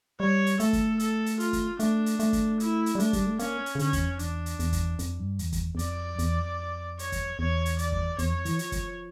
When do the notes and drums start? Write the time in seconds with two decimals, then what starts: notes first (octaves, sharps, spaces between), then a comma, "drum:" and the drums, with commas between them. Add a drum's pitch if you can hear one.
0.20 G3 C#5
0.46 drum: hi-hat
0.60 A3 A4, drum: hi-hat
0.73 drum: kick, hi-hat
0.99 A4, drum: hi-hat
1.26 drum: hi-hat
1.40 F4, drum: hi-hat
1.53 drum: kick, hi-hat
1.79 A3 D4, drum: hi-hat
2.06 drum: hi-hat
2.19 A3, drum: hi-hat
2.33 drum: kick, hi-hat
2.60 E4, drum: hi-hat
2.86 drum: hi-hat
2.95 G3
2.99 A3 D4, drum: hi-hat
3.13 G3, drum: kick, hi-hat
3.26 A3
3.39 A#3 C#4, drum: hi-hat
3.66 drum: hi-hat
3.75 C#3
3.79 D3 C#4, drum: hi-hat
3.93 E2, drum: kick, hi-hat
4.06 F2
4.19 E2 D4, drum: hi-hat
4.46 drum: hi-hat
4.59 E2, drum: hi-hat
4.72 drum: kick, hi-hat
4.99 F2, drum: hi-hat
5.19 G2
5.39 E2, drum: hi-hat
5.52 drum: kick, hi-hat
5.75 E2
5.79 F2 D5, drum: hi-hat
6.19 E2, drum: hi-hat
6.39 F2
6.99 C#5, drum: hi-hat
7.12 drum: kick, hi-hat
7.39 E2 C#5
7.65 drum: hi-hat
7.79 D5, drum: hi-hat
7.92 drum: kick
8.19 E2 C#5, drum: hi-hat
8.32 F2
8.45 E3, drum: hi-hat
8.59 F3, drum: hi-hat
8.72 drum: kick, hi-hat